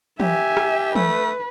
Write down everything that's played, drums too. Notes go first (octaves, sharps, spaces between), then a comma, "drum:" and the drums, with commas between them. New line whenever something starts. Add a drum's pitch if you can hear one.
G4 E5 G#5, drum: tom E3
drum: rim click
A3 B4, drum: tom E3